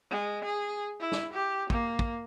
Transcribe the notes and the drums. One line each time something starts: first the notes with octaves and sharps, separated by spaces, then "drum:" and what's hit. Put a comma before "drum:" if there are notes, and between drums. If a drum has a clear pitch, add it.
G#3
G#4
E4
drum: snare
G4
A#3, drum: kick
drum: kick